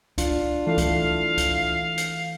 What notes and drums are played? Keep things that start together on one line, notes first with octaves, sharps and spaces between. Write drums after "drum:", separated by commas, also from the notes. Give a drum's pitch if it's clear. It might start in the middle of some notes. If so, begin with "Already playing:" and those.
D4 F4, drum: kick C#2, hi-hat
E3 A3 F5
drum: kick C#2, hi-hat
drum: kick C#2, hi-hat
drum: hi-hat